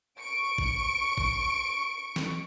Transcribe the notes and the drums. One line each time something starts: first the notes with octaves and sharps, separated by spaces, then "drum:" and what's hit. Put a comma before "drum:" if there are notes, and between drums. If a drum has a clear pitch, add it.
C#6 D7
drum: kick G#1
drum: kick G#1
drum: snare